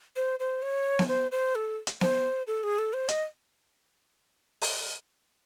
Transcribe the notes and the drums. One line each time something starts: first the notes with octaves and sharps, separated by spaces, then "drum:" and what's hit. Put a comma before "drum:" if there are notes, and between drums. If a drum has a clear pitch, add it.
C5
C5
C#5
drum: snare B3
C5
C5
A4
drum: hi-hat
C5, drum: snare B3
A4
G#4
A4
C5
D#5, drum: hi-hat
drum: open hi-hat